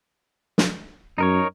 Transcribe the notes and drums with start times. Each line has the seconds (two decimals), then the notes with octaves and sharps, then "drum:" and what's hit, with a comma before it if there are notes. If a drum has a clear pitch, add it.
0.58 drum: snare
1.18 F#2 D#4 A#4 C#5